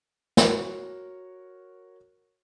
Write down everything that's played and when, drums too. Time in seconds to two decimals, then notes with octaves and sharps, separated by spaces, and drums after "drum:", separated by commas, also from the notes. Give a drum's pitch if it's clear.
0.37 F#4 A#4 C#5, drum: snare